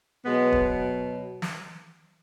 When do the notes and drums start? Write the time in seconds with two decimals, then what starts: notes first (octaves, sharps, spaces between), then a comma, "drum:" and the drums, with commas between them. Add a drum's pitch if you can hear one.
0.24 B2 F#3 G#3 B3
0.52 drum: kick
1.42 drum: snare